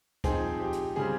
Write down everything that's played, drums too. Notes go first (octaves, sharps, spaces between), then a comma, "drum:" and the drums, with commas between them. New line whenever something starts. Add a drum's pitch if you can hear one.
F3 C4 D#4 G#4, drum: kick, hi-hat
G4
drum: hi-hat
C#3 G3 C4 G#4